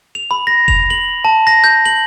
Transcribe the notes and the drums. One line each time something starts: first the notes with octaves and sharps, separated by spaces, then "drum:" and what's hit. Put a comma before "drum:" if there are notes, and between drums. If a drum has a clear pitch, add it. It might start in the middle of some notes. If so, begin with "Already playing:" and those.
F7
B5
A#6
F7, drum: kick F1
F#7
A5
A#6
G6
F#7